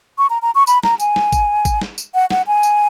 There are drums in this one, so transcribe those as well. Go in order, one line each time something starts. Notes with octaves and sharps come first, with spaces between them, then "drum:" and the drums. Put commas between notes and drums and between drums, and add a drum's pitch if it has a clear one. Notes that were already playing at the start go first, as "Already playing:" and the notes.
C#6
A#5
A#5
C#6
B5, drum: tambourine
A#5, drum: snare
G#5, drum: tambourine
drum: snare
drum: kick, tambourine
drum: kick, tambourine
drum: snare
drum: tambourine
F#5
F#5, drum: snare
G#5
drum: tambourine